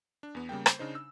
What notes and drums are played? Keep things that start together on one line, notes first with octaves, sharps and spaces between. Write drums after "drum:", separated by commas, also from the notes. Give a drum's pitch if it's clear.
D4
E2 B3
C#3 G3 A#3 G5
C5, drum: rim click
C#3 D4 D#4 C5
E6